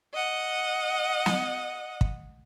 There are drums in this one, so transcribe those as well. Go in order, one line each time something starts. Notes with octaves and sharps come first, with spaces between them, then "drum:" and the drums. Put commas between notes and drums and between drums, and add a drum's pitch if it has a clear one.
D#5 F#5
drum: snare
drum: kick